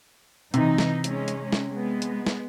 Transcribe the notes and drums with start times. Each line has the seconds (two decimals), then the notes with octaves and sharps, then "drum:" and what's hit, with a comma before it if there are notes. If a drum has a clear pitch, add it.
0.54 C3 E3 D#4, drum: hi-hat
0.78 drum: snare
1.04 G#3 C#4, drum: hi-hat
1.28 drum: hi-hat
1.52 drum: snare
1.69 G#3 B3
2.02 drum: hi-hat
2.27 drum: snare